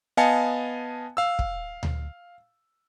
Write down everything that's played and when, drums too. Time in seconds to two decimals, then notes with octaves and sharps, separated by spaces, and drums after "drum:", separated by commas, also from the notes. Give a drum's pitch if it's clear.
0.17 B3 D#5 F5 G#5 A5 C#7
1.17 F5 E6
1.39 drum: kick
1.83 drum: tom D2